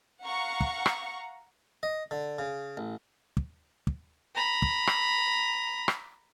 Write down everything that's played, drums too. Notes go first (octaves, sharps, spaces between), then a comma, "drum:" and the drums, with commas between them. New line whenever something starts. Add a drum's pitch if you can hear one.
F5 F#5 A#5 C#6
drum: kick
drum: rim click
D#5
D3
C#3
A1
drum: kick
drum: kick
A#5 B5
drum: kick
drum: rim click
drum: rim click